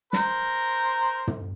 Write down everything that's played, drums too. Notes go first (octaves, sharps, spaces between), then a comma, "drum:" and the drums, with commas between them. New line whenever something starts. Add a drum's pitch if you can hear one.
A#4 C5, drum: snare
drum: tom